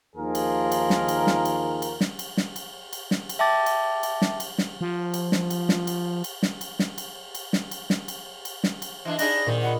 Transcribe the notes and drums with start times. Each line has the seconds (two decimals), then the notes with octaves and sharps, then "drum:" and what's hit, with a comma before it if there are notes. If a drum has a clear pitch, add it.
0.16 D#2 D#3 F3 F4 G#4 A#4
0.35 drum: cymbal
0.72 drum: cymbal
0.90 drum: snare
1.08 drum: cymbal
1.27 drum: snare
1.45 drum: cymbal
1.82 drum: cymbal
2.01 drum: snare
2.19 drum: cymbal
2.37 drum: snare
2.56 drum: cymbal
2.93 drum: cymbal
3.11 drum: snare
3.29 drum: cymbal
3.39 E5 G5 A5 D6 A6
3.66 drum: cymbal
4.03 drum: cymbal
4.22 drum: snare
4.40 drum: cymbal
4.58 drum: snare
4.81 F3
5.14 drum: cymbal
5.32 drum: snare
5.50 drum: cymbal
5.69 drum: snare
5.87 drum: cymbal
6.24 drum: cymbal
6.43 drum: snare
6.61 drum: cymbal
6.79 drum: snare
6.98 drum: cymbal
7.35 drum: cymbal
7.53 drum: snare
7.71 drum: cymbal
7.90 drum: snare
8.08 drum: cymbal
8.45 drum: cymbal
8.64 drum: snare
8.82 drum: cymbal
9.05 E3 D4 D#5 E5
9.19 D4 D#4 G#4 D5 B5 A#6, drum: cymbal
9.46 A#2 D#3 C5 D5
9.61 D#5 F#5 B5